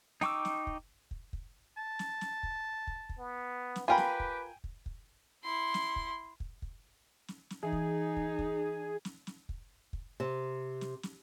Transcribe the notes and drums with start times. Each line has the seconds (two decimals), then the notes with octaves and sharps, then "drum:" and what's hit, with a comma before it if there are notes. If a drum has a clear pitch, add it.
0.21 D#4 G5 C#6 D6 E6, drum: snare
0.45 drum: snare
0.67 drum: kick
1.11 drum: kick
1.33 drum: kick
1.77 A5
1.99 drum: snare
2.21 drum: snare
2.43 drum: kick
2.87 drum: kick
3.09 drum: kick
3.19 B3
3.76 drum: snare
3.88 F4 G4 A#4 B4 G5 G#5 B5
3.98 drum: snare
4.20 drum: kick
4.64 drum: kick
4.86 drum: kick
5.44 E4 C6
5.74 drum: snare
5.96 drum: kick
6.40 drum: kick
6.62 drum: kick
7.28 drum: snare
7.50 drum: snare
7.63 E3 D#4 G#4
7.72 drum: kick
8.17 drum: kick
8.39 drum: kick
9.05 drum: snare
9.27 drum: snare
9.49 drum: kick
9.93 drum: kick
10.20 C3
10.81 drum: snare
11.03 drum: snare